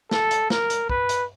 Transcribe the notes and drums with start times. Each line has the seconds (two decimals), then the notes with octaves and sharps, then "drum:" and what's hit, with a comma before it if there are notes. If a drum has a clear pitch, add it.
0.11 A4, drum: snare
0.31 drum: hi-hat
0.50 A#4, drum: snare
0.70 drum: hi-hat
0.89 B4, drum: kick
1.09 drum: hi-hat